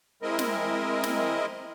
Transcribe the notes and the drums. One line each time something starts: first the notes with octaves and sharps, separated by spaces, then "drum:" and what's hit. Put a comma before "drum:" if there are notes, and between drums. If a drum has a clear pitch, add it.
G#3 C4 E4 A#4 D#5
drum: snare
drum: snare